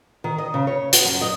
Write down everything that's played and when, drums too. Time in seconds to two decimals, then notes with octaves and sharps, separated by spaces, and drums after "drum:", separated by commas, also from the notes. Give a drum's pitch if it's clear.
0.24 D#3
0.38 D#5
0.54 C#3
0.67 C#5
0.93 F#4, drum: hi-hat
1.05 F#2
1.21 D#5